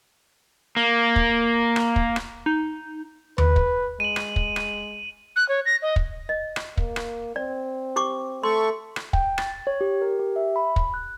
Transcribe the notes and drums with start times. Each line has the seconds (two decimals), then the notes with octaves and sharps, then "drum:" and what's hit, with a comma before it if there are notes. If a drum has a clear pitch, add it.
0.77 A#3
1.16 drum: kick
1.76 drum: rim click
1.96 drum: kick
2.16 drum: rim click
2.46 D#4
3.38 B4, drum: tom D#2
3.56 drum: kick
4.00 G#3 D#7 F#7
4.16 drum: rim click
4.36 drum: kick
4.56 drum: rim click
5.36 F#6
5.48 C#5
5.66 A#6
5.82 D#5
5.96 drum: kick
6.29 D#5
6.56 drum: rim click
6.77 A#3, drum: kick
6.96 drum: rim click
7.36 C4 D5
7.96 G4 C#6 D6
8.44 A3 A4 C6 C#6
8.96 drum: rim click
9.13 G5, drum: kick
9.38 A6, drum: rim click
9.67 C#5
9.81 G4
10.02 A#4
10.19 G4
10.36 E5
10.56 B5
10.76 drum: kick
10.94 F#6